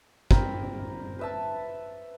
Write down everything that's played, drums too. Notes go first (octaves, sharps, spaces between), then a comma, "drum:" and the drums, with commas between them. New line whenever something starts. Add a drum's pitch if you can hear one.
C4 A#4 B5, drum: kick
B4 E5 A5